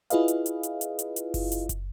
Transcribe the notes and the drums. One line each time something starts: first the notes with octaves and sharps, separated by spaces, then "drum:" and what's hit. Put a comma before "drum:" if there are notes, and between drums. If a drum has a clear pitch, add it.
E4 F4 G#4 B4 D#5 F5, drum: hi-hat
drum: hi-hat
drum: hi-hat
drum: hi-hat
drum: hi-hat
drum: hi-hat
drum: hi-hat
drum: kick F#1, open hi-hat
drum: hi-hat
drum: kick F#1, hi-hat